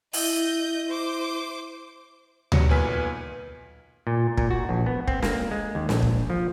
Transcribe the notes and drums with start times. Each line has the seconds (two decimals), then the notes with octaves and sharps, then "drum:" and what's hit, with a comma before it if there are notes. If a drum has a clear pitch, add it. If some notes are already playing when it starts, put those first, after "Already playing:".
0.13 E4 D#5 E5 G6, drum: open hi-hat
0.89 C5 D6
2.52 B2 F#3 G3 C#7, drum: tom D2
2.69 B1 A#2 B4 G#5 F6 B6
4.07 A#2
4.38 A#2, drum: kick
4.50 F#4
4.69 A#1
4.86 B3
5.08 C4, drum: kick
5.22 A#3, drum: snare
5.51 G#3
5.75 D#2
5.89 A#1, drum: snare
6.02 drum: kick
6.30 F3